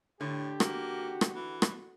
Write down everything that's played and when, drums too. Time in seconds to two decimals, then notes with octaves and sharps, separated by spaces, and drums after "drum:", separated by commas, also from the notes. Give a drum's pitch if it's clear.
0.21 A2 D3 G4
0.60 A#3 F#4, drum: rim click
1.21 drum: rim click
1.35 E3
1.62 drum: rim click